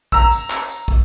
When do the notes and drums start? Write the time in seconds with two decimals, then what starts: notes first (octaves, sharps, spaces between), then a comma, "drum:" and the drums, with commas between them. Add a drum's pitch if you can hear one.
0.12 A#5 E6, drum: kick
0.31 drum: tambourine
0.50 drum: clap
0.69 drum: tambourine
0.88 drum: kick